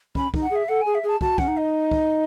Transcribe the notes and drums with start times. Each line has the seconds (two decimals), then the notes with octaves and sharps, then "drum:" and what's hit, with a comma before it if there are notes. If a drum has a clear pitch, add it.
0.15 C#4 B5, drum: kick
0.34 D#4, drum: kick
0.42 F#5
0.51 G#4 E5
0.68 A4 F#5
0.81 G#4 G#5
0.95 E5
1.03 G#4 A5
1.21 F#4 A5, drum: kick
1.38 C#4 F#5, drum: kick
1.48 D#4
1.57 D#5
1.91 drum: kick